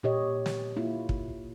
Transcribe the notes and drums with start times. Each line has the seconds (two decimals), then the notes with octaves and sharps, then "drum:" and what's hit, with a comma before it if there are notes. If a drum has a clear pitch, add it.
0.03 A#2 G4 C#5 D#5
0.46 drum: snare
0.76 A#3 E4 F4
1.09 drum: kick